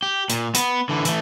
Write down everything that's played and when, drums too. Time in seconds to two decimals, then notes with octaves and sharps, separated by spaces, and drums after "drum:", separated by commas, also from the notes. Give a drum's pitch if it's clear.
0.03 G4
0.30 A#2, drum: hi-hat
0.55 B3, drum: hi-hat
0.89 D3 E3
1.05 E3 A3, drum: hi-hat